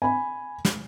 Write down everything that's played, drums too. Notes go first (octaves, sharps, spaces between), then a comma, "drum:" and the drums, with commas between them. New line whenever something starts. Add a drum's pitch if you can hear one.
G#5 B5
drum: snare